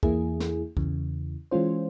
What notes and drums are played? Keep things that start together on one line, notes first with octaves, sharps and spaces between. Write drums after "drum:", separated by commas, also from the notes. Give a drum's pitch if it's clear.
E2 E3 A#3 E4 G#4, drum: kick
drum: snare
E2 C#3 E3, drum: kick
E3 G#3 C#4 F4 C5